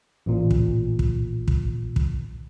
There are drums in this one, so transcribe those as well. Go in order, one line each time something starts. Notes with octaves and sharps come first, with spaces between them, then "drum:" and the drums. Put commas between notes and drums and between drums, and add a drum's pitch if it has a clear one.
A1 A#2
drum: kick
drum: kick
drum: kick
drum: kick